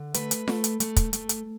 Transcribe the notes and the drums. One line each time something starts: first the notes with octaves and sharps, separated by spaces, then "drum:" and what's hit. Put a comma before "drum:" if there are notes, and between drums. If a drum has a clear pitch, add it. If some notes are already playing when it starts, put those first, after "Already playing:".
Already playing: D3
A3 B4, drum: hi-hat
drum: hi-hat
A3, drum: snare F4
drum: hi-hat
A3, drum: hi-hat
drum: kick, hi-hat
A3, drum: hi-hat
drum: hi-hat